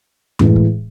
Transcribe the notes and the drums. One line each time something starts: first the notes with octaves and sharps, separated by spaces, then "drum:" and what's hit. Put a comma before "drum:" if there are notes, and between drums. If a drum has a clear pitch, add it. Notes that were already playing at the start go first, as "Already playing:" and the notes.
A2 E3 G#3, drum: tom F#2
drum: kick